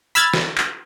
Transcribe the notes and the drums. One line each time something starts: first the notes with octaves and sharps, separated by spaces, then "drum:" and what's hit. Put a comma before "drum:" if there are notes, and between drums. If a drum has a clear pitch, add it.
B5 E6 F6 G#6 A6
drum: snare
drum: clap